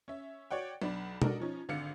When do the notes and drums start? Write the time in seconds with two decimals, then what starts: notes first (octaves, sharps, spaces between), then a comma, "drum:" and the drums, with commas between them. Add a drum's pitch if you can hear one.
0.08 C#4 E5
0.51 F#4 C#5 D5 F#5 G5
0.82 B1 D4 B5
1.22 D4 F#4 A4 A#4 D#5, drum: tom B2
1.40 F3 C#4 D#4
1.69 G#1 D3 F5 C#7